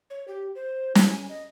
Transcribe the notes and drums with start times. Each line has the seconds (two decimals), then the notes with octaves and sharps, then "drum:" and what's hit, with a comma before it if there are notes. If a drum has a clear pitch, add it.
0.10 C#5
0.28 G4
0.55 C5
0.95 E4, drum: snare
1.10 G#5
1.29 D#5